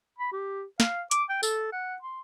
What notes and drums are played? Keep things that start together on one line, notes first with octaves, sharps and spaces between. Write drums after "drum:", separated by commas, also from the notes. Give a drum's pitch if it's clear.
B5
G4
F5, drum: snare
D6, drum: hi-hat
G5
A4, drum: tambourine
F#5
C6